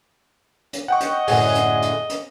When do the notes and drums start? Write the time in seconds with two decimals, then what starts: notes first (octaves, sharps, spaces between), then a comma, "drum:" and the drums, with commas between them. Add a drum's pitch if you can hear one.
0.73 drum: hi-hat
0.88 D#5 F#5 G5 C#6
1.00 drum: hi-hat
1.28 F#2 A2 D3 G#4 F#5 G#5, drum: open hi-hat
1.55 drum: hi-hat
1.82 drum: hi-hat
2.09 drum: hi-hat